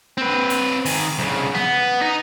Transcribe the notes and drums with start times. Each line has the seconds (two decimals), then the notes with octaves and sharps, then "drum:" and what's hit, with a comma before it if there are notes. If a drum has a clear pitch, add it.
0.18 C4 B4
0.50 drum: hi-hat
0.85 D#3 G#4, drum: open hi-hat
1.19 C2 C#3, drum: snare
1.55 B3, drum: snare
2.02 D#4